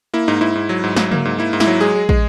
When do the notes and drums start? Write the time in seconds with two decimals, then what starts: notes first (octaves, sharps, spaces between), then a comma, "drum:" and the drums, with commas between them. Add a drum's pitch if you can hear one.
0.14 A#3 E4
0.28 G#2 D#4
0.41 G#2 E4
0.55 G#2
0.69 F#3
0.84 G#2
0.96 F#3, drum: snare
1.11 A#3, drum: tom C#3
1.25 G#2
1.38 A#3 E4
1.53 G#2
1.60 E4, drum: snare
1.67 F#3
1.81 G#3 G#4
1.95 G#3
2.09 G#3, drum: kick